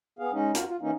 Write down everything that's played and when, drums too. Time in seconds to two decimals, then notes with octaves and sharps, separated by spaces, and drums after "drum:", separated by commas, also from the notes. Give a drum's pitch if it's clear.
0.19 B3 G#4 F5
0.33 G#3 C#4 D#4
0.55 F2 F4 F#4 A#4, drum: hi-hat
0.68 F4
0.82 E3 A#3 C#4 D#4